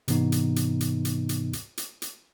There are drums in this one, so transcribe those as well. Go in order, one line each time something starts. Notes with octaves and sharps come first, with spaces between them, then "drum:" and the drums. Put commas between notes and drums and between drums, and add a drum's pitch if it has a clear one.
G#2 C3 E3 B3 D#4, drum: hi-hat
drum: hi-hat
drum: hi-hat
drum: hi-hat
drum: hi-hat
drum: hi-hat
drum: hi-hat
drum: hi-hat
drum: hi-hat